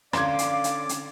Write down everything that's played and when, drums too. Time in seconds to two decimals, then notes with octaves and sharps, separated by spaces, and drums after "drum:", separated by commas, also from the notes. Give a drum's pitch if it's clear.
0.13 D3 C#4 D5 F5 C6 D6 G#6, drum: rim click
0.39 drum: hi-hat
0.64 drum: hi-hat
0.89 drum: hi-hat